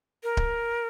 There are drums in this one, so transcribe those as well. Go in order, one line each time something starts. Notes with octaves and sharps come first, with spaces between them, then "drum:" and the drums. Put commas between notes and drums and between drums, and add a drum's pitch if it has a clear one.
A#4
drum: kick D1